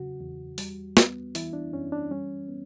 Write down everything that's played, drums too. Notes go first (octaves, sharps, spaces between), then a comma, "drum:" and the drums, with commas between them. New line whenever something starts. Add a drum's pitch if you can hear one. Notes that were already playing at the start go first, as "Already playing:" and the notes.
Already playing: E2 C#3 F#3 F#4
E2
G3, drum: open hi-hat
B3, drum: snare
E3 E4, drum: open hi-hat
D4
F#2 C#4
D4
G3 C#4
B3